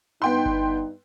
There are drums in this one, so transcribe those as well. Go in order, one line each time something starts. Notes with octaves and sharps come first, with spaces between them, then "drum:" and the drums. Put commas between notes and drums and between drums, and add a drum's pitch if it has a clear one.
G2 B3 D#4 G5 C6
drum: kick G1